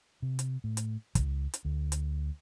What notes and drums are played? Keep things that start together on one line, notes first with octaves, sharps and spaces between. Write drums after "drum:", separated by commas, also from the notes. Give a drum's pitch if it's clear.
C3
drum: hi-hat
A2
drum: hi-hat
C#2, drum: kick, hi-hat
drum: hi-hat
D2
drum: hi-hat